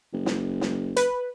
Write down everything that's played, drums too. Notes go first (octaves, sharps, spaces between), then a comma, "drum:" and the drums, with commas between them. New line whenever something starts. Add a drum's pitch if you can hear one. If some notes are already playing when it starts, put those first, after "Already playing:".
F#1
drum: snare
drum: snare
B4, drum: hi-hat